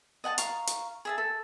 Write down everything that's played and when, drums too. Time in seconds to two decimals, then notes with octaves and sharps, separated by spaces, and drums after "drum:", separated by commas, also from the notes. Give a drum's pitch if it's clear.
0.24 D#5 F#5 G#5 A5
0.38 F5 A#5 C#6, drum: hi-hat
0.67 drum: hi-hat
1.05 G#4 E5 A5
1.18 A4